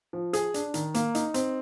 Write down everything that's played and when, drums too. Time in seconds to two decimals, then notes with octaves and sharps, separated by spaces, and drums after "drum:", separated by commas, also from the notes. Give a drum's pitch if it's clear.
0.13 F3
0.33 G#4, drum: hi-hat
0.54 D4, drum: hi-hat
0.74 D#3, drum: hi-hat
0.94 A#3, drum: hi-hat
1.15 D#4, drum: hi-hat
1.34 C4, drum: hi-hat